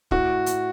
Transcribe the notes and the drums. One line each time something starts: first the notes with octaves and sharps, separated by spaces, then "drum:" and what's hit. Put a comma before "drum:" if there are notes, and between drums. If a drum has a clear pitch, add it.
A2 F#4, drum: kick
drum: hi-hat